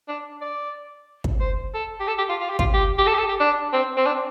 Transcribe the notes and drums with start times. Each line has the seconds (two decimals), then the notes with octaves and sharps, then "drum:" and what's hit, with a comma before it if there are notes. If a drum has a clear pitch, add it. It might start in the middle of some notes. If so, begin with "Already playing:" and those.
0.08 D4
0.41 D5
1.24 drum: kick
1.41 C5
1.74 A4
2.00 G4
2.07 A4
2.19 G4
2.30 F4
2.41 F4
2.49 G4
2.59 F4, drum: kick
2.74 G4
2.99 G4
3.07 A4
3.14 G4
3.18 A4
3.29 G4
3.40 D4
3.73 C4
3.97 C4
4.07 D4